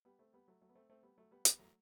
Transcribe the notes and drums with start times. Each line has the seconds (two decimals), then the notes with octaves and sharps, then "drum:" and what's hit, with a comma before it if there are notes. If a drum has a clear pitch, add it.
0.05 G3 B3
0.19 A3 C4
0.33 G3 B3
0.48 F#3 A3
0.62 F#3 A3
0.69 B3
0.75 A3 C4
0.90 A3 C4
1.03 G3 B3
1.17 F#3 A3
1.31 G3 B3
1.45 G3 B3, drum: hi-hat
1.59 F#3 A3